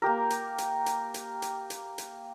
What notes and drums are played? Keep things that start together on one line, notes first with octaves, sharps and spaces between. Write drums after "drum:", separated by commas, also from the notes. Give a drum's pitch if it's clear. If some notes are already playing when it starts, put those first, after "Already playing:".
A#3 G4 A#4
drum: hi-hat
drum: hi-hat
drum: hi-hat
drum: hi-hat
drum: hi-hat
drum: hi-hat
drum: hi-hat